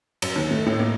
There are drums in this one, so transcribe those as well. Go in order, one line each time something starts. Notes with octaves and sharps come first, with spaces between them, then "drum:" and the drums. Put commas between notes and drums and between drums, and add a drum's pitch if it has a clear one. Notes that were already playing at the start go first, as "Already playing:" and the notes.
F#2, drum: cymbal
D#2
A3
A2
A#3